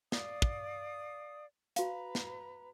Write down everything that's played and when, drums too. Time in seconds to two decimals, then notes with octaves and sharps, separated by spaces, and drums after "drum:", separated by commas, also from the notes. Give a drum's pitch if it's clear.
0.12 D5 F5 D#6, drum: snare
0.42 drum: kick
1.76 F#4 B4 F5 A#5, drum: hi-hat
2.15 drum: snare